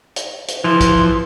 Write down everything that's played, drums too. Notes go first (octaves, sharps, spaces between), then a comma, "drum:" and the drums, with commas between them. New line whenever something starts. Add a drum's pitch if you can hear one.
drum: hi-hat
drum: hi-hat
E3 F3
drum: kick, hi-hat